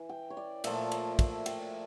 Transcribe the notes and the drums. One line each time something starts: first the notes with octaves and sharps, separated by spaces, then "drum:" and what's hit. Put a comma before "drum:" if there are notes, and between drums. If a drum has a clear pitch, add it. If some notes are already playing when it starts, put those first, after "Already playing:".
Already playing: E3
G5
C#5
D5
A#2 F3 A3 E5, drum: cymbal
drum: cymbal
drum: kick, cymbal
G5, drum: cymbal